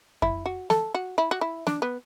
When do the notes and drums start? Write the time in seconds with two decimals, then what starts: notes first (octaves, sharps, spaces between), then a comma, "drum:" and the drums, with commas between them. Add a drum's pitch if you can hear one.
0.22 E4, drum: kick F2
0.46 F#4
0.70 A4, drum: snare
0.94 F#4
1.18 E4
1.31 F#4
1.41 E4
1.67 D4, drum: snare
1.82 B3